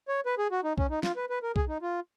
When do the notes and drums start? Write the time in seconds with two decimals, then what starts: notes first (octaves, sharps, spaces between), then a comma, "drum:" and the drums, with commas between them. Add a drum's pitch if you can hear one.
0.08 C#5
0.26 B4
0.38 G#4
0.52 F#4
0.64 D#4
0.78 C#4, drum: kick
0.90 D#4
1.03 F4, drum: snare
1.16 B4
1.30 B4
1.43 A#4
1.56 G#4, drum: kick
1.69 D#4
1.82 F4